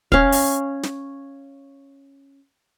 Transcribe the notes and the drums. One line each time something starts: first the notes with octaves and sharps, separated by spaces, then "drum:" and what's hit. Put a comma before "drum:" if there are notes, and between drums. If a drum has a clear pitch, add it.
C#4 F5, drum: kick
drum: open hi-hat
drum: snare